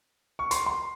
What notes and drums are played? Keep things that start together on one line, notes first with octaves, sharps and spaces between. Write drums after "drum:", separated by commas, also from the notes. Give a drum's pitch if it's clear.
C#6
C6, drum: hi-hat
C6